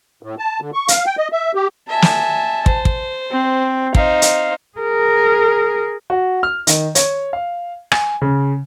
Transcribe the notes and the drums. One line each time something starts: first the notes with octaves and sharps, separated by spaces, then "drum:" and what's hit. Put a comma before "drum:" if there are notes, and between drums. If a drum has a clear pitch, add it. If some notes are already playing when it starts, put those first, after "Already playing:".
A2
A5
D3
C#6
F5, drum: hi-hat
G5
D#5
E5
G4
E5 G#5 A5
drum: snare
C5, drum: kick
drum: kick
C4
D#4 C5 F5, drum: kick
drum: hi-hat
G#4 A#4
F#4
F6
D#3, drum: hi-hat
C#5, drum: hi-hat
F5
G#5, drum: rim click
C#3